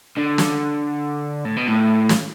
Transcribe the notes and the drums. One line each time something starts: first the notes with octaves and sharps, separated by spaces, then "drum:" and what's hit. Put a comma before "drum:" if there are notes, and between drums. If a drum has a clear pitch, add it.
D3
drum: snare
A2
B2
A2
drum: snare